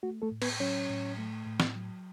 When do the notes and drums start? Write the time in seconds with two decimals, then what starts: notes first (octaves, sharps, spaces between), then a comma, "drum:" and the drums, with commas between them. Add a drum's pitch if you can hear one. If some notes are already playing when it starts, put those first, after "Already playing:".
0.03 A3 F#4
0.22 A3 A4
0.32 A2
0.42 B3 B4, drum: cymbal
0.60 F#3 C#4 C#5
0.90 A2
1.18 A3
1.46 A2
1.60 drum: snare
1.76 F#3